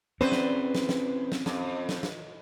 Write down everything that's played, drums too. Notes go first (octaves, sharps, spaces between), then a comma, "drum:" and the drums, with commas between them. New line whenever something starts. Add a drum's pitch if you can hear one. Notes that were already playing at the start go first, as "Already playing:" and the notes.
E2 C4 C#4 B4 C5
drum: snare
drum: snare
drum: snare
drum: snare
F2, drum: snare
drum: snare
drum: snare